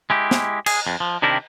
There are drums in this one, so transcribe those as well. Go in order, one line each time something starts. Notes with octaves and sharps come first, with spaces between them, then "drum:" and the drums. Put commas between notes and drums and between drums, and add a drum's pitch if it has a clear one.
G#3 E4 G4
drum: snare
G#4, drum: cymbal
F2
F3
C3 D#3 D4 E4 G4 A#4